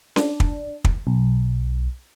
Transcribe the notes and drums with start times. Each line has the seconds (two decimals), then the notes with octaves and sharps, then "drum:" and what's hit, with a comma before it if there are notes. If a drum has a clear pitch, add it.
0.16 D4, drum: snare C#4
0.40 drum: kick
0.85 drum: kick
1.07 B1